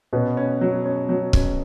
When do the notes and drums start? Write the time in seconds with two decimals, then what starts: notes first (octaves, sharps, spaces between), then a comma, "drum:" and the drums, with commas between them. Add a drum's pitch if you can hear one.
0.13 B2 B3 C#4
0.37 C#4
0.61 F#3
0.86 C#4
1.09 F#3
1.33 C#4, drum: kick